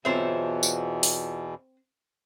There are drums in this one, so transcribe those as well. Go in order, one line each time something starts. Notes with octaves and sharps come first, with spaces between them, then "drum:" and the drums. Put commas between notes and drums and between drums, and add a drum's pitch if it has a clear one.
E2 B2 E3 C4 F4 C5 C#5 E5
drum: tambourine
drum: open hi-hat